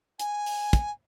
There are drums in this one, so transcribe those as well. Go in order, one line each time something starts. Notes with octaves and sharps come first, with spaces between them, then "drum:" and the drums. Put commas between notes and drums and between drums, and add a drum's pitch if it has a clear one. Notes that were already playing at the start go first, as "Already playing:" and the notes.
G#5, drum: hi-hat
drum: open hi-hat
drum: kick, hi-hat